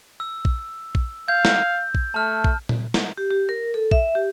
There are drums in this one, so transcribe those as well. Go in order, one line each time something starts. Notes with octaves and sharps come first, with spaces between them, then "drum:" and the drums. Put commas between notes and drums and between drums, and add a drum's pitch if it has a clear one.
E6
drum: kick A#1
drum: kick A#1
F5 G6
drum: snare
drum: kick A#1
A3 A5 F6
drum: kick A#1
drum: tom A#2
drum: snare
G4
G4
A#4
A4
E5, drum: kick A#1
G4